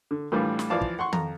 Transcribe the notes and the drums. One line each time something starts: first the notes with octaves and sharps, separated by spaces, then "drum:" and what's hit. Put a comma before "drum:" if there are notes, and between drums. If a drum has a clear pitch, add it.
D3
A2 E3 G3 D4 F4
drum: snare
E3 F3 F4 D5 F5 A5
drum: kick
F#5 C6 C#6
F2 A#5, drum: tom D#3